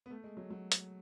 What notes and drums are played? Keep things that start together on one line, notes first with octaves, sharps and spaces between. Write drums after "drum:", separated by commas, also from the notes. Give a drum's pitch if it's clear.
B3
A3
G#3
F#3
F#3
drum: hi-hat